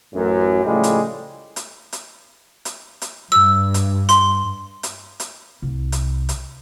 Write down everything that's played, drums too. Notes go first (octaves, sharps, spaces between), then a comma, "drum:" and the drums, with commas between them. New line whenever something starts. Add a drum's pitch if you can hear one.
A1 F#2
A2 C#3 F3 G3 G#3
drum: hi-hat
drum: hi-hat
drum: hi-hat
drum: hi-hat
drum: hi-hat
G2 E6
drum: hi-hat
C6, drum: hi-hat
drum: hi-hat
drum: hi-hat
C2
drum: hi-hat
drum: hi-hat